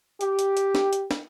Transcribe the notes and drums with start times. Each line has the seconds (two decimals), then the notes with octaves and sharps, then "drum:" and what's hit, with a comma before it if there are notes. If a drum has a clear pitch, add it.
0.21 G4, drum: hi-hat
0.39 drum: hi-hat
0.57 drum: hi-hat
0.75 drum: snare
0.93 drum: hi-hat
1.11 drum: snare